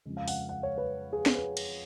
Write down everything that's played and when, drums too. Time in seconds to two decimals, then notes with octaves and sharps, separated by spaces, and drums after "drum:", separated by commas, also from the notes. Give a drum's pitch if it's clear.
0.06 F2 C#3 G#3
0.17 F5
0.28 F#5, drum: open hi-hat
0.49 F#5
0.63 C#5
0.78 B4
1.13 G#4
1.26 drum: snare
1.35 B4
1.57 drum: cymbal